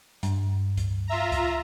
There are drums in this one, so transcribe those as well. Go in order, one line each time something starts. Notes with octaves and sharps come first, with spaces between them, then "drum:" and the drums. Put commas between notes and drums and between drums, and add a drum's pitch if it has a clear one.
G2, drum: hi-hat
drum: kick C#2, hi-hat
F4 E5 A#5
drum: kick C#2, hi-hat